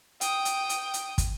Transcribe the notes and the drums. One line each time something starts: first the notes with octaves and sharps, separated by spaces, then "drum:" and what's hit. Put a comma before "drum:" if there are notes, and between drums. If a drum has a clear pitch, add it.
G5 D#6, drum: hi-hat
drum: hi-hat
drum: hi-hat
drum: hi-hat
drum: kick, hi-hat